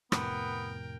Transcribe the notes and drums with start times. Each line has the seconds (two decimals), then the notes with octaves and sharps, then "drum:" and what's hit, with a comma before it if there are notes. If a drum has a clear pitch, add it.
0.12 F2 A2 C3 B3 A#4 G5, drum: rim click